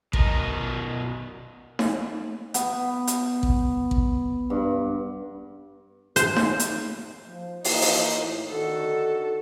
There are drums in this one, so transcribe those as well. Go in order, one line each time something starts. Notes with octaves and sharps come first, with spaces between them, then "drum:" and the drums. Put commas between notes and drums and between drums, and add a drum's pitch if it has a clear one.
B2 A#4 D#5, drum: kick A1
drum: snare D#4
B3, drum: hi-hat
drum: hi-hat
drum: kick A1
drum: kick A1
G2
C5, drum: hi-hat
drum: snare D#4
drum: hi-hat
F3
E3 A#3 D#4, drum: open hi-hat
drum: open hi-hat
A2
D3 D#3 F#4 A4